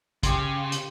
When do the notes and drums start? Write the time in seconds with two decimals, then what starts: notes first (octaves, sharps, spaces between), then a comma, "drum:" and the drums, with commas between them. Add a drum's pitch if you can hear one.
0.23 C#3 G4 C6, drum: kick, hi-hat
0.72 drum: hi-hat